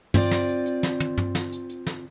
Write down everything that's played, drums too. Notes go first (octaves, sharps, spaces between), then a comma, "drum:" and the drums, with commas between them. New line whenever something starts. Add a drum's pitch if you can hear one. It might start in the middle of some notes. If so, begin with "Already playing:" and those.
C4 F4 D5, drum: tom
drum: snare
drum: hi-hat
drum: hi-hat
drum: snare
drum: tom
drum: tom
drum: snare
drum: hi-hat
drum: hi-hat
drum: snare